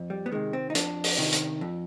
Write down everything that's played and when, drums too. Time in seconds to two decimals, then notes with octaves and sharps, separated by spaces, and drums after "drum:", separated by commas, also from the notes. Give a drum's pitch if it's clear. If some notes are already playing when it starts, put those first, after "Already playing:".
Already playing: F2
0.10 G3
0.26 B3
0.32 C3 D#3 G#3
0.53 C4
0.70 D#4
0.75 F2 D4, drum: hi-hat
1.04 drum: open hi-hat
1.18 C3 D#3
1.32 drum: hi-hat
1.61 F2